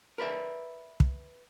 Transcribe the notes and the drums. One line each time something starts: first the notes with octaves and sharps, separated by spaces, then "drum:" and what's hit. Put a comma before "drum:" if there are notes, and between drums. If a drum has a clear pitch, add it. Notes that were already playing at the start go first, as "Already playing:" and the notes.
A#4 B4 D5 E5
drum: kick